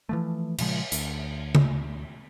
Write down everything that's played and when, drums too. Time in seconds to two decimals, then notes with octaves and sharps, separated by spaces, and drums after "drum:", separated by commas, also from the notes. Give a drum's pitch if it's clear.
0.09 E3 F3 A3
0.58 A#2 C#3 F3 G#3, drum: cymbal
0.92 D2, drum: hi-hat
1.55 drum: tom C#3